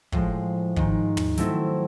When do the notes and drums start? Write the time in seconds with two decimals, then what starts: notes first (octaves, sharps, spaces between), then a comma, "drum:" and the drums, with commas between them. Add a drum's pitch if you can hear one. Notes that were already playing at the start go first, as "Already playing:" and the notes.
0.12 A2 F3 G#3, drum: kick
0.76 G#2 D#3 G#3, drum: kick
1.17 drum: tom
1.37 F#3 A3 C4 E4 A4, drum: snare